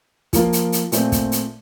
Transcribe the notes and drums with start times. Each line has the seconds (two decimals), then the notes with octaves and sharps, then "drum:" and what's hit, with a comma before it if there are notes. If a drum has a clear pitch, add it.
0.33 F3 A#3 F4, drum: kick, hi-hat
0.53 drum: hi-hat
0.72 drum: hi-hat
0.92 A#2 A3 C4, drum: hi-hat
1.12 drum: kick, hi-hat
1.32 drum: hi-hat